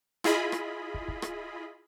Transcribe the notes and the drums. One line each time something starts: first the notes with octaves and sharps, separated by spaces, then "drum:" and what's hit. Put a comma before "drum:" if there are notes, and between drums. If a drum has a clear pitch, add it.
E4 F4 G#4 D#5 B5, drum: rim click
drum: rim click
drum: kick
drum: kick
drum: rim click